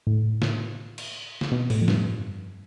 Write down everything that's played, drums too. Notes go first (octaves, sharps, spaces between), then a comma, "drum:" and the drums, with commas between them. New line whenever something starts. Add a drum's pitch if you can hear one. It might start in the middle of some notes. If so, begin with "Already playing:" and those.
A2
drum: snare
drum: cymbal
drum: snare
B2
A2, drum: open hi-hat
F2
G2, drum: snare